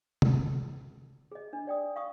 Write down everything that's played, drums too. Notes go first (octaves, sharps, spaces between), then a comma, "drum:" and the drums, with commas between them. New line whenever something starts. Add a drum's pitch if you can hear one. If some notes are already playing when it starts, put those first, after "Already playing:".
drum: tom C3
G#4 D#5
D4
D5 G5 D#6
F5 C#6 D#6